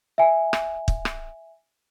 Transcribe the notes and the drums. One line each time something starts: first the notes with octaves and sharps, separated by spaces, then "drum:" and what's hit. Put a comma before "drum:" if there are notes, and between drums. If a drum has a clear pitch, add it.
E5 G#5
drum: rim click
drum: kick
drum: rim click